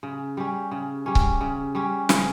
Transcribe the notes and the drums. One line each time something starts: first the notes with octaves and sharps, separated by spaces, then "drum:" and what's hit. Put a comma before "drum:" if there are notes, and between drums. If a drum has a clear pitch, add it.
C#3
G3 C#4
C#3
G3 C#4
drum: kick C#1
C#3
G3 C#4
C#3, drum: snare